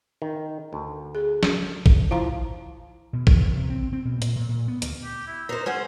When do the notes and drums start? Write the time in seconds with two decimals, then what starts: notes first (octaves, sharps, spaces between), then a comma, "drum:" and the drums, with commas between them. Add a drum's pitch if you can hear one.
0.22 D#3
0.73 D2
1.15 G#4
1.43 drum: snare
1.86 drum: kick
2.11 F3 E4 F5 A#5
3.13 B2
3.27 E3, drum: kick
3.41 E2
3.56 C3
3.70 C4
3.93 C4
4.05 B2
4.22 A#2, drum: hi-hat
4.36 A#2
4.49 A#2
4.68 B3
4.82 D2, drum: hi-hat
5.04 G4
5.27 E4
5.49 D#4 A#4 C5
5.66 G#3 C#4 C5 F#5